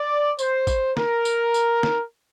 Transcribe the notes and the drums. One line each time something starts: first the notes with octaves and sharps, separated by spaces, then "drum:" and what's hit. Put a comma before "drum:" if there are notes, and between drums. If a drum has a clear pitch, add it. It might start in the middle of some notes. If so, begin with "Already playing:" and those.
Already playing: D5
C5, drum: tambourine
drum: kick G#1, tambourine
A#4, drum: snare
drum: tambourine
drum: tambourine
drum: snare